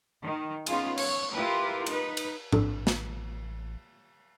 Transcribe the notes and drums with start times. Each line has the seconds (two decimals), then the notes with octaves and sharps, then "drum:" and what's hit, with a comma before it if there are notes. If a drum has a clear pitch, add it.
0.23 D#3
0.66 B3 C#4 D#4 F4 G#4, drum: cymbal
0.97 C#5, drum: cymbal
1.34 E4 F4 G4 A#4 B4
1.86 D#4 B4, drum: cymbal
2.17 drum: cymbal
2.52 A1 D4 A4, drum: tom G#2
2.87 drum: snare